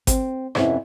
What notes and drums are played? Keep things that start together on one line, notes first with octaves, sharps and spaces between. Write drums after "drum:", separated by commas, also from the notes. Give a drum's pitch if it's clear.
C4, drum: kick G#1, hi-hat
F2 C3 B3 C#4 E4, drum: rim click